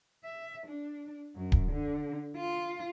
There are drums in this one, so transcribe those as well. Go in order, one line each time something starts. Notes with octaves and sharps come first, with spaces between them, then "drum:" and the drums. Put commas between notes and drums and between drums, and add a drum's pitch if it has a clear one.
E5
D4
F#2
drum: kick D1
D3
F4